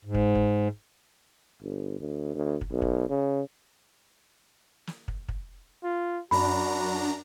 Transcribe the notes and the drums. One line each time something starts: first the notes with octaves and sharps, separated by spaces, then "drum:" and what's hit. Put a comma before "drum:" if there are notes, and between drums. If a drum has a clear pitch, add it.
G#2
drum: kick
drum: kick
G1
D2
D2
drum: kick
B1
drum: kick
C#3
drum: snare
drum: kick
drum: kick
F4
F#2 D4 F#4 A#5 B5